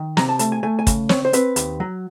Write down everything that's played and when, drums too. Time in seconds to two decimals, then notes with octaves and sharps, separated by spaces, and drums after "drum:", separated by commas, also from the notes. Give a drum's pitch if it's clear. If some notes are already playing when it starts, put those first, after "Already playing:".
Already playing: D#3
0.17 C3 A#5, drum: snare
0.29 A5
0.39 A3 A5, drum: hi-hat
0.52 G#5
0.63 A3 G#5
0.79 G#5
0.87 C#3, drum: kick, hi-hat
1.09 C4 C#5, drum: snare
1.25 C5
1.33 C4 B4, drum: hi-hat
1.56 D#2, drum: hi-hat
1.80 F#3